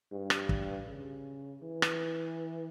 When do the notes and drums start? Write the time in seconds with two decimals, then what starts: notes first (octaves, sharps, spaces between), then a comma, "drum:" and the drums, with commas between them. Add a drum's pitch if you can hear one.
0.12 G2
0.30 drum: rim click
0.49 drum: kick
0.87 C#3
1.63 E3
1.82 drum: rim click